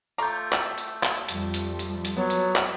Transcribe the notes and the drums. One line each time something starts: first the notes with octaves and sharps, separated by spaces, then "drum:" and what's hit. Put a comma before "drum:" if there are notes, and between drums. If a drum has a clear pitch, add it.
A3 F4 A#5 D6 G6
drum: clap
drum: hi-hat
drum: clap
F2 F3 G3, drum: hi-hat
drum: hi-hat
drum: hi-hat
drum: hi-hat
F#3 B3 C#5
drum: hi-hat
drum: clap